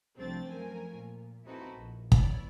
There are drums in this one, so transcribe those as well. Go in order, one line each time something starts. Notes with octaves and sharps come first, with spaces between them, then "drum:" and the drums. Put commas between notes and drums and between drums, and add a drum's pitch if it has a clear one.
C2 F3 A3 C4 D4 A6
F#2 F3 A3 A#4 G#5
A#2
C4 D#4 E4 F#4 A4 B4
A#1
B3 E4 C#5 D5, drum: kick